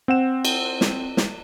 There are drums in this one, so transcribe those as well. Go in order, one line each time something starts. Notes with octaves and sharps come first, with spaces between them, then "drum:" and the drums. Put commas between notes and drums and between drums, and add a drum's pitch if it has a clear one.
C4 F#5 E7
drum: cymbal
drum: snare
drum: snare